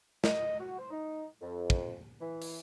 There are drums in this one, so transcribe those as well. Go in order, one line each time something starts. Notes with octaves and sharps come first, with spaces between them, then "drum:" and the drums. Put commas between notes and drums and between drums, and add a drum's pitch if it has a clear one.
D#5, drum: snare
F#4
C5
D#4
F2
drum: kick
E3
drum: open hi-hat